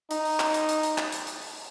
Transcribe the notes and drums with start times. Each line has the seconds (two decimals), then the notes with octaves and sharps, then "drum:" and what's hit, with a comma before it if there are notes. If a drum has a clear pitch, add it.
0.11 D#4, drum: hi-hat
0.25 drum: open hi-hat
0.40 drum: clap
0.54 drum: hi-hat
0.69 drum: hi-hat
0.83 drum: hi-hat
0.98 drum: clap
1.12 drum: hi-hat
1.27 drum: hi-hat
1.41 drum: open hi-hat